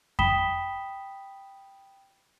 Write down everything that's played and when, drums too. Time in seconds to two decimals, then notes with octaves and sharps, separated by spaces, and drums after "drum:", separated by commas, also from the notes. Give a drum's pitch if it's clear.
0.19 G5 B5 D#6 B6 E7 G7, drum: kick F2